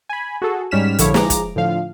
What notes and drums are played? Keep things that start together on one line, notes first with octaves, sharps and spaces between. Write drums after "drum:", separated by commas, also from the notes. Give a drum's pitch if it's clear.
G#5 B5
F#4 G#4 A4
G#2 G3 C#4 F6 B6 E7
A#1 D3 F3 E4 C#5, drum: hi-hat
F3 G#3 A#5 D6, drum: snare
drum: kick, hi-hat
A2 D3 F3 F5